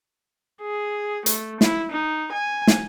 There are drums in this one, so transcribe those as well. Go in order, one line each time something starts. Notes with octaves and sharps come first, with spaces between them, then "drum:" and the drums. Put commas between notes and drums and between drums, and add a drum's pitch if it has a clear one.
G#4
A3, drum: hi-hat
E4, drum: snare
D#4
G#5
drum: snare